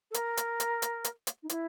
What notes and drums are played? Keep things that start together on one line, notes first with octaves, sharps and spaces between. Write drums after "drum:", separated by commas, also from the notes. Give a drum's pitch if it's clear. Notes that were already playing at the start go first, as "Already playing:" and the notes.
A4
A#4, drum: hi-hat
drum: hi-hat
drum: hi-hat
drum: hi-hat
drum: hi-hat
drum: hi-hat
D#4
E4, drum: hi-hat